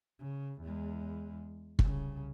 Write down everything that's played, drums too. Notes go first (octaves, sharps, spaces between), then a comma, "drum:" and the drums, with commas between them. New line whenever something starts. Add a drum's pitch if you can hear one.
C#3
E2 G#3
C2 C#3, drum: kick